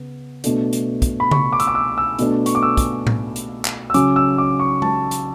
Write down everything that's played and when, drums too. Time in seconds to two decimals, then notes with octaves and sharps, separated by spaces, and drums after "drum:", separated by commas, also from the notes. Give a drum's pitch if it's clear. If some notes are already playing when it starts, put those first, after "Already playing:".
Already playing: C#3 B3
0.44 B2 A3 D4, drum: hi-hat
0.73 drum: hi-hat
1.02 drum: kick, hi-hat
1.20 B5
1.31 C#6, drum: tom C#3
1.53 D6
1.60 E6, drum: hi-hat
1.67 D6
1.75 E6
1.98 E6
2.19 B2 A3 D4, drum: hi-hat
2.46 C#6, drum: hi-hat
2.55 D6
2.63 E6
2.77 drum: kick, hi-hat
3.07 drum: tom A2
3.36 drum: hi-hat
3.65 drum: clap
3.90 E6
3.94 C#3 F#3 C#4 D6, drum: hi-hat
4.16 E6
4.38 D6
4.60 C#6
4.82 A5, drum: tom G#3
5.11 drum: hi-hat